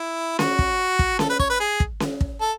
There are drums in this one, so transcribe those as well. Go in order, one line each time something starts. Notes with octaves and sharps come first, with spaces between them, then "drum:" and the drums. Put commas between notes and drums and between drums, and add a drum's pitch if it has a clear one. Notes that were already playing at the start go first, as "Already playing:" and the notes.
Already playing: E4
F#4, drum: snare C#4
drum: kick
drum: kick
A4, drum: snare C#4
B4
C#5, drum: kick
B4
G#4
drum: kick
drum: snare C#4
drum: kick
A4